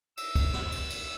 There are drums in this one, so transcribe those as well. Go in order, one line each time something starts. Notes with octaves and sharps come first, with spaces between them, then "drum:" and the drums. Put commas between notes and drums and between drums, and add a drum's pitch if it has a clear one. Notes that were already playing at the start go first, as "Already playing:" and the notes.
E6, drum: cymbal
drum: kick, cymbal
drum: snare
drum: cymbal
drum: cymbal